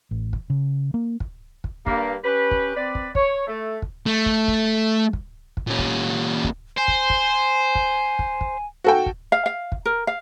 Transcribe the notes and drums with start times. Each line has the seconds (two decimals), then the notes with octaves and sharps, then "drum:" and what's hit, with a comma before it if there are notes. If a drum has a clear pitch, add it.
0.11 A1
0.33 drum: kick
0.50 C#3
0.94 A#3
1.20 drum: kick
1.64 drum: kick
1.87 G2 A#3, drum: kick
2.24 C#4 G4 B4
2.51 drum: kick
2.77 C4 B4 D5
2.95 drum: kick
3.15 C#5, drum: kick
3.47 A3
3.82 drum: kick
4.06 A3
4.26 drum: kick
4.48 drum: kick
5.13 drum: kick
5.57 drum: kick
5.67 A#2 C#4
5.79 drum: kick
6.44 drum: kick
6.78 C5 G#5
6.88 drum: kick
7.10 drum: kick
7.75 drum: kick
8.19 drum: kick
8.41 drum: kick
8.84 F#4 A4 G5
9.06 drum: kick
9.32 F5
9.46 F5
9.72 drum: kick
9.85 A#4
10.07 F5